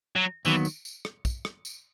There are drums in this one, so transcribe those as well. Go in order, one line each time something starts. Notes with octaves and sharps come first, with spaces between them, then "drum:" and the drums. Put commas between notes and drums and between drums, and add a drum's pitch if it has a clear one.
F#3
D#2 D#3 E3 F#3 B3, drum: tambourine
drum: tambourine
drum: tambourine
drum: rim click
drum: kick, tambourine
drum: rim click
drum: tambourine